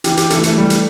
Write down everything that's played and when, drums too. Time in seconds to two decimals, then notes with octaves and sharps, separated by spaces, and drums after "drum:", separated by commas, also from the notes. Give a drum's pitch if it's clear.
0.04 E3 G4, drum: hi-hat
0.17 G4, drum: hi-hat
0.30 E3 A3 A4, drum: hi-hat
0.43 A3 A4, drum: hi-hat
0.57 G3
0.70 drum: hi-hat